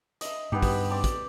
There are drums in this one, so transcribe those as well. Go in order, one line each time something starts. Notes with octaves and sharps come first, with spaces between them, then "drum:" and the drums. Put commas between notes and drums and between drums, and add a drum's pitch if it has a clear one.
D#5 E5, drum: hi-hat
G2 B3 D#4 G4
drum: kick, open hi-hat
C4 D5 D6
drum: kick, hi-hat